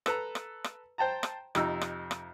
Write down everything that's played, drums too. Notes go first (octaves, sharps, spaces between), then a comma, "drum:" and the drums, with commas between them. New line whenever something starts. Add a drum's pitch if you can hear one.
A4 B4 A#5, drum: rim click
drum: rim click
drum: rim click
C5 G5 A5 A#5
drum: rim click
F2 C3 D#4 E6, drum: rim click
drum: rim click
drum: rim click